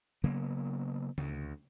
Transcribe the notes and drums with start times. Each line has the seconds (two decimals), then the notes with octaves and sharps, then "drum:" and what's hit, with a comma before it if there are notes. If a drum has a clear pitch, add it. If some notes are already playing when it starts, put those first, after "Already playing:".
0.23 C#3 F#3 A#3 B3
1.18 D2, drum: tom C#3